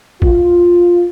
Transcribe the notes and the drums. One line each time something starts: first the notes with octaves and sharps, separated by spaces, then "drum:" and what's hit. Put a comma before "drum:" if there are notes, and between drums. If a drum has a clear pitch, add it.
F4, drum: kick